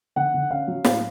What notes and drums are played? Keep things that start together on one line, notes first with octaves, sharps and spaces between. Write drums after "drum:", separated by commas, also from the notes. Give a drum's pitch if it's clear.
D3 F#5
D3
C#4 F5
F#3
A2 F5, drum: snare